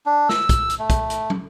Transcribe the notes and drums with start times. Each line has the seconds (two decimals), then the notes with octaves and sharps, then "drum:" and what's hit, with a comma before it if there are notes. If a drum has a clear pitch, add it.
0.06 D4
0.29 E6, drum: snare
0.49 drum: kick, hi-hat
0.70 drum: hi-hat
0.79 A3
0.90 drum: kick, hi-hat
1.10 drum: hi-hat
1.30 drum: tom